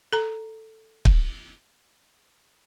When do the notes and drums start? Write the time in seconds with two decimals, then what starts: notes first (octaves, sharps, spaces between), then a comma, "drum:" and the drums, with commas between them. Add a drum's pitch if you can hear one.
0.13 A4 A#5
1.05 drum: kick